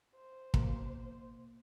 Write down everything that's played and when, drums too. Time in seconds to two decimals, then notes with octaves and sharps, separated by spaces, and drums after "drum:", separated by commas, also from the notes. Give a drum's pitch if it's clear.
0.15 C5
0.54 B2 A#3, drum: kick